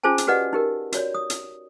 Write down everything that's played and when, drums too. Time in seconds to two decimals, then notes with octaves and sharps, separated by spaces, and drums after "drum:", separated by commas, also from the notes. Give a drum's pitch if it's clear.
0.03 C#4 F4 G#4 C5 G#5 A5
0.18 drum: hi-hat
0.27 F#4 G4 B4 D5 D#5 F#5
0.53 D#4 G4 A#4
0.92 F#4 C#5 D5, drum: hi-hat
1.15 D#6
1.30 drum: hi-hat